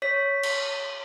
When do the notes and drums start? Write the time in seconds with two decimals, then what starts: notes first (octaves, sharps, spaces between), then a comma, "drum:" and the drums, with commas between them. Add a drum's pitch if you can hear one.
0.02 C#5 B6
0.43 drum: cymbal